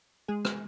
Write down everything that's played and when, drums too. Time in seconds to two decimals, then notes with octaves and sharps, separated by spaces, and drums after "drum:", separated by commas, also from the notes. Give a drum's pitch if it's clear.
0.28 G#3 G#4
0.45 drum: rim click